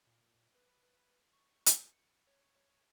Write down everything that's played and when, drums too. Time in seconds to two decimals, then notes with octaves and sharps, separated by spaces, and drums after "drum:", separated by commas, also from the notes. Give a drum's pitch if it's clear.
0.07 A#2
0.55 B4
1.33 C#6
1.66 drum: hi-hat
1.92 C#7
2.27 C#5